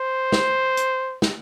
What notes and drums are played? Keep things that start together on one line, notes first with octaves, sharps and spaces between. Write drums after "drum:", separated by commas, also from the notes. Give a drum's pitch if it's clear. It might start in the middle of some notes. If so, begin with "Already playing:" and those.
Already playing: C5
drum: snare
drum: hi-hat
drum: snare